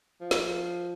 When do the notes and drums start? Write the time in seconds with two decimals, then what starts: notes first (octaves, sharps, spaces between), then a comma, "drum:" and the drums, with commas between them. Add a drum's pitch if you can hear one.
0.21 F3
0.31 drum: snare